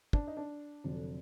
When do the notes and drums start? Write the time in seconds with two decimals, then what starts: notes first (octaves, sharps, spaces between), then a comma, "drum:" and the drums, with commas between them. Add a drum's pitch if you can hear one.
0.13 D4, drum: kick
0.27 D#4
0.37 D4
0.84 F1 F2 D3 F#3